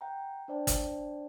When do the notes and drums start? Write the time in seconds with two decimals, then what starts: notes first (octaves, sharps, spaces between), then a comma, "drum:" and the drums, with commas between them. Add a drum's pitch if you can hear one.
0.01 F#5 G5 A#5
0.48 D4 C5 D5 G5 A5
0.67 drum: kick G1, hi-hat